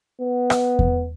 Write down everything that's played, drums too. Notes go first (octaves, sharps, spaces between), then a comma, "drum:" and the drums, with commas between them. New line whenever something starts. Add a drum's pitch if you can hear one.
B3
drum: rim click
drum: kick E2